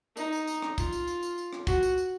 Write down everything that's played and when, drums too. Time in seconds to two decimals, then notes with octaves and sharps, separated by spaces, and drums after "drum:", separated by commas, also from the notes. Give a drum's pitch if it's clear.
0.17 D#4, drum: tambourine
0.32 drum: tambourine
0.47 drum: tambourine
0.62 drum: rim click
0.78 F4, drum: kick, tambourine
0.92 drum: tambourine
1.08 drum: tambourine
1.23 drum: tambourine
1.38 drum: tambourine
1.53 drum: rim click
1.67 F#4, drum: kick, tambourine
1.83 drum: tambourine
1.98 drum: tambourine